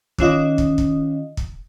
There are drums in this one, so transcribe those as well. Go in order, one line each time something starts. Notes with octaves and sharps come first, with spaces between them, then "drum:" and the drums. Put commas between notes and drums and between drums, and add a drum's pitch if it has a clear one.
D#3 C#4 F4 D#5, drum: kick
drum: kick
drum: kick
drum: kick